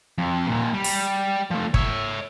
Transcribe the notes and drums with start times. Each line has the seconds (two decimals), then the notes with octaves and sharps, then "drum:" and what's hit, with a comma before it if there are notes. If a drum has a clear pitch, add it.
0.18 F2
0.47 D#2 A#2
0.73 G3
0.84 drum: open hi-hat
1.51 F3 A3
1.74 C#5 E5, drum: kick